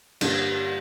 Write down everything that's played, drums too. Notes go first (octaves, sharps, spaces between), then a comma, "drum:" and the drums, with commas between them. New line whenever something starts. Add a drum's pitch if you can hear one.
G2 D3 G3 A#3 D4, drum: cymbal